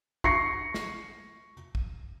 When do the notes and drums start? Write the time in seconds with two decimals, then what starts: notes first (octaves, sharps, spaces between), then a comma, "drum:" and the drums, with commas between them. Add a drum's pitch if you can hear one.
0.24 C#6 A#6 C7 C#7, drum: kick
0.74 drum: snare
1.75 drum: kick